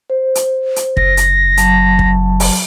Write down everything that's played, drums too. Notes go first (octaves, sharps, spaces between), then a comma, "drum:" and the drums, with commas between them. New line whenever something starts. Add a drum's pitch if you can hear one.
C5
drum: hi-hat
drum: hi-hat
F#1 A#6, drum: kick
drum: hi-hat
F#3 A5, drum: hi-hat
drum: kick
drum: open hi-hat